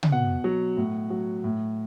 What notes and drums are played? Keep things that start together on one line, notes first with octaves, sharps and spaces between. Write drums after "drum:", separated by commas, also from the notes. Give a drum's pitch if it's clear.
drum: tom
B2 F#5
F#3
A2
F#3
A2